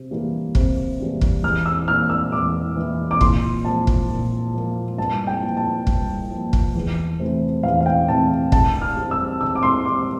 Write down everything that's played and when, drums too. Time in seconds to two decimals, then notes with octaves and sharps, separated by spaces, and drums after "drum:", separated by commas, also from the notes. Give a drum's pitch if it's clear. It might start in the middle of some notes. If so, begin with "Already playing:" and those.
Already playing: C3
0.11 E3 G3 A#3 D4
0.55 C3, drum: kick
1.00 E3 G3 A#3 D4
1.21 drum: kick
1.43 E2 F6
1.66 E6
1.88 E3 A#3 D4 F6
2.10 E6
2.32 E2 D6
2.76 E3 A#3 D4
3.11 D6
3.21 A#2 C6, drum: kick
3.65 F3 A#3 A5
3.87 drum: kick
4.09 A#2
4.54 F3 A#3
4.98 G2 A5
5.27 G5
5.42 F3 A#3
5.57 A5
5.87 G2, drum: kick
6.31 F3 A#3
6.53 drum: kick
6.75 E2
7.19 C3 E3 A3 C4
7.63 E2 F5
7.81 F5
7.86 G5
8.08 C3 E3 A3 C4 A5
8.52 D3 A5, drum: kick
8.82 F6
8.97 G3 C4
9.11 E6
9.41 D3 E6
9.55 D6
9.63 C6
9.85 G3 C4 D6